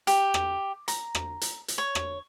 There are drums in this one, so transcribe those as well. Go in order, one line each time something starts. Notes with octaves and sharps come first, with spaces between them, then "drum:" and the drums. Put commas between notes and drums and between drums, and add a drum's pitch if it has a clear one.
G4, drum: hi-hat
drum: rim click
A#5, drum: hi-hat
drum: rim click
drum: hi-hat
drum: hi-hat
C#5
drum: rim click